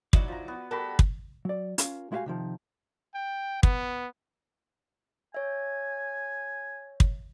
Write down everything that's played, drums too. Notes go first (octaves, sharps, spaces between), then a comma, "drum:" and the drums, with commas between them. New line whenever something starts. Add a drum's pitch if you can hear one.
F#3 D#4 E4 F#4 D5, drum: kick
F3 A#5
B3
G3 F#4 A4 A#4 B5
drum: kick
F#3 D5
C#4 F4 A#4, drum: hi-hat
G#3 E4 F#4 G4 F5 G#5
C3 D#3 F3
G5
B3, drum: kick
C#5 E5 G#5
drum: kick